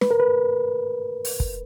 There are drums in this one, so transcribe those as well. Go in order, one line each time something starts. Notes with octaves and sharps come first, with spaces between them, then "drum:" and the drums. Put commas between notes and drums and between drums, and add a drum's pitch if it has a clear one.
B4, drum: snare
A#4
B4
drum: open hi-hat
drum: kick